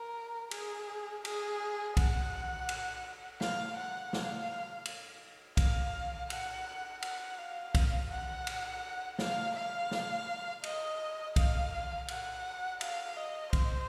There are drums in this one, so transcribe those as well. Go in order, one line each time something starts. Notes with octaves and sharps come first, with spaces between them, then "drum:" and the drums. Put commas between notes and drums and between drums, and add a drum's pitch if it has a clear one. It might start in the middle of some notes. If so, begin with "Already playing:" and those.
Already playing: A#4
G#4, drum: cymbal
G#4, drum: cymbal
F#5, drum: kick B1, cymbal
drum: cymbal
F5, drum: snare
F#5
F5, drum: snare
drum: cymbal
F5, drum: kick B1, cymbal
F#5, drum: cymbal
F#5, drum: cymbal
F5
drum: kick B1, cymbal
F#5
drum: cymbal
F5, drum: snare
F5
drum: snare
D#5, drum: cymbal
F5, drum: kick B1, cymbal
F#5, drum: cymbal
F5, drum: cymbal
D#5
C5, drum: kick B1, cymbal